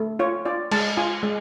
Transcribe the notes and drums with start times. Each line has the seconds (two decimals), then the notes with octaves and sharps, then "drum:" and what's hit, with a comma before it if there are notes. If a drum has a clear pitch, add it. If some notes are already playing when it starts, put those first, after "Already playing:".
Already playing: A3
0.19 F4 C#5
0.45 F4 D5
0.71 G#3 A5, drum: cymbal
0.97 F4 G#5
1.23 G#3